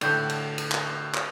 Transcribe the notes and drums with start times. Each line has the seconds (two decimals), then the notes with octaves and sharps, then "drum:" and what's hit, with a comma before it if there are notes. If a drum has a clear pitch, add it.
0.01 A2 D3 D5 G5 G6, drum: cymbal
0.29 drum: cymbal
0.58 drum: cymbal
0.72 drum: clap
1.14 drum: clap